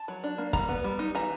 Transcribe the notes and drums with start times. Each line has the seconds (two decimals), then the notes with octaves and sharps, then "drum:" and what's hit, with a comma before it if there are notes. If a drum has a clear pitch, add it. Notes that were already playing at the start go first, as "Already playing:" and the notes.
Already playing: A5
0.08 F#3
0.24 D4
0.38 A#3
0.53 G3 A#5, drum: kick
0.69 B3
0.84 G3
0.99 D#4
1.15 E3 A#5